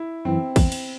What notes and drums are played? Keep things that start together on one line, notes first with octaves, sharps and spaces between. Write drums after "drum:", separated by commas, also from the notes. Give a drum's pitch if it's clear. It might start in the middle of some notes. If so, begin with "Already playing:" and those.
Already playing: E4
F#2 E3 C4
E2, drum: kick, cymbal
drum: cymbal